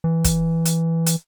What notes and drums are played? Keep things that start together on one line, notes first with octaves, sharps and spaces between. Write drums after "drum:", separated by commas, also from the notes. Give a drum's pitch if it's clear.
E3
drum: kick, hi-hat
drum: hi-hat
drum: hi-hat